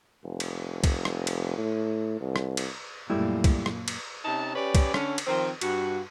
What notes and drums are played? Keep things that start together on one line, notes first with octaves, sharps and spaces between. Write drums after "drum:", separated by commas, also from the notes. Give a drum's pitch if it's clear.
F1
drum: cymbal
drum: kick C2, cymbal
drum: rim click
drum: cymbal
A2
C2
drum: rim click
drum: cymbal
F#2 A#2 G3 A3 E4
drum: kick C2, cymbal
drum: rim click
drum: cymbal
C3 C#4 D#4 A5
C#4 G4 B4 C#5 D5
drum: kick C2, cymbal
D3 C#4, drum: rim click
drum: cymbal
D#3 F3 C4
G2 F#4, drum: cymbal